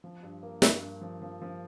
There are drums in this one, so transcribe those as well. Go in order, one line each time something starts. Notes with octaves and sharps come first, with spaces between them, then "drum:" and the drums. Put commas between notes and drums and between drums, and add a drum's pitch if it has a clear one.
F3
G2
A#3
G2, drum: snare
G2
F3
F3
F3